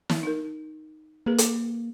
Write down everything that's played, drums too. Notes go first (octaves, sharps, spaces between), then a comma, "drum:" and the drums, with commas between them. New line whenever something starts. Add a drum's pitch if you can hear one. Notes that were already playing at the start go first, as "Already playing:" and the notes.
drum: snare
D#4 A#4
A#3 G#4 B4
drum: hi-hat